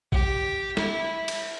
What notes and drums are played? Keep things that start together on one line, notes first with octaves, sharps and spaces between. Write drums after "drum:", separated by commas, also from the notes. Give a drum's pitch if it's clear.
G4, drum: kick
E4, drum: snare
drum: cymbal